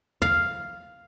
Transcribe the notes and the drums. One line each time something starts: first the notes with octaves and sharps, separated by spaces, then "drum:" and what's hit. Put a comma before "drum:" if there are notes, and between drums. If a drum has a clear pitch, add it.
F5, drum: tom